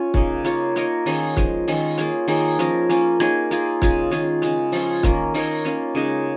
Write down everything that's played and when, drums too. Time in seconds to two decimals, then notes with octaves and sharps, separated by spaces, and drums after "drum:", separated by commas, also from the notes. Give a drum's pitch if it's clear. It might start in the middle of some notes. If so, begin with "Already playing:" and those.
Already playing: C#4 F4
0.14 C#3 A#3 D#4, drum: kick
0.44 A#3 F4 C#5, drum: hi-hat
0.76 A#3 D#4 A#4 C#5, drum: hi-hat
1.06 D#3 C#4 F4 G#4, drum: open hi-hat
1.37 F3 G#3 C#4, drum: kick, hi-hat
1.68 D#3 G#3 C#4 F4, drum: open hi-hat
1.98 A#3 F4 G#4 C#5, drum: hi-hat
2.28 D#3 A#3 D#4 G#4, drum: open hi-hat
2.59 F3 C#4 F4 A#4, drum: hi-hat
2.89 A#3 C#4 F4, drum: hi-hat
3.20 A#3 D#4 G#4 C#5, drum: rim click
3.51 A#3 F4 G#4, drum: hi-hat
3.82 C#3 G#3 F4 G#4, drum: kick, hi-hat
4.11 D#3 C#4 F4 G#4, drum: hi-hat
4.42 C#3 G#3 D#4, drum: hi-hat
4.72 F3 C#4 F4 G#4, drum: open hi-hat
5.03 D#3 A#3 C#4, drum: kick, hi-hat
5.34 A#3 D#4 A#4 C#5, drum: open hi-hat
5.65 A#3 C#4 F4, drum: hi-hat
5.95 C#3 G#3 D#4 G#4